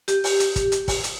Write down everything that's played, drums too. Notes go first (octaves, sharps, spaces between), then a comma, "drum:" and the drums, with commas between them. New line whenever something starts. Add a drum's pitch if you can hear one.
G4, drum: hi-hat
drum: open hi-hat
drum: hi-hat
drum: kick, hi-hat
drum: hi-hat
drum: kick, open hi-hat
drum: hi-hat